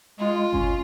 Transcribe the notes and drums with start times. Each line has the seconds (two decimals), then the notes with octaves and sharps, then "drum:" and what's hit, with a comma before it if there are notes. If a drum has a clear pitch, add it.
0.19 G#3 F4
0.53 C#4, drum: kick G1